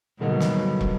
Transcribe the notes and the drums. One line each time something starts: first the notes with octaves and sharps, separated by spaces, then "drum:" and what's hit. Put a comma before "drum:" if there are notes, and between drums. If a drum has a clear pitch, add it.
G2 B2 D3 F#3 A#3 D#4
drum: snare
drum: kick